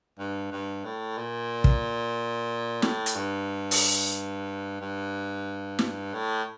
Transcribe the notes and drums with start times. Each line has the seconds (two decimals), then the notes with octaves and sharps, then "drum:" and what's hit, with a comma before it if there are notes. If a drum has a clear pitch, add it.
0.19 G2
0.51 G2
0.84 A2
1.18 A#2
1.64 drum: kick
2.82 A2, drum: snare
3.06 drum: hi-hat
3.15 G2
3.71 drum: open hi-hat
4.81 G2
5.79 drum: snare
6.14 A2